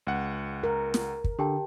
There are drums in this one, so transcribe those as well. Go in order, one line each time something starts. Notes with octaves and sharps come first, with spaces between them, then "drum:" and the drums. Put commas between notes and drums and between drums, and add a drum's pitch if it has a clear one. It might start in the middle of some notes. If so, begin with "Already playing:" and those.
C#2 F#5
A#4
drum: snare
drum: kick
D3 G4 G5 A5